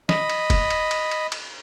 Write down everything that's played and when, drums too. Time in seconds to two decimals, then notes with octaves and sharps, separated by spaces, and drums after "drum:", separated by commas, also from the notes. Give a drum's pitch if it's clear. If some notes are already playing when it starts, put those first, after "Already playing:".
0.09 D#5 B5, drum: snare
0.29 drum: cymbal
0.50 drum: kick F1, cymbal
0.70 drum: cymbal
0.91 drum: cymbal
1.11 drum: cymbal
1.32 drum: cymbal